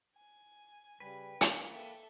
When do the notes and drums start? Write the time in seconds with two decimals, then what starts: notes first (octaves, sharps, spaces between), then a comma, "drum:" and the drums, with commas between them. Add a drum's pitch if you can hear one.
0.17 G#5
1.00 C#3 G3 B4 G5
1.41 A#3, drum: hi-hat
1.73 A4 E5 G5